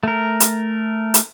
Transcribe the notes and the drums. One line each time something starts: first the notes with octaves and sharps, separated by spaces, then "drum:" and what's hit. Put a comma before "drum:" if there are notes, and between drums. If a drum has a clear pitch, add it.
A3 A#4
drum: hi-hat
drum: hi-hat